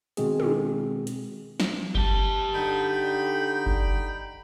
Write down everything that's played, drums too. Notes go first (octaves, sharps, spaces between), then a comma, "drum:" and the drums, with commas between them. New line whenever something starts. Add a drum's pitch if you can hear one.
B2 D#3 G#3 C4 F#4 G#4, drum: hi-hat
drum: tom
drum: hi-hat
drum: snare
G4 A5, drum: kick F#1
D3 D#4 G5 B5
drum: kick F#1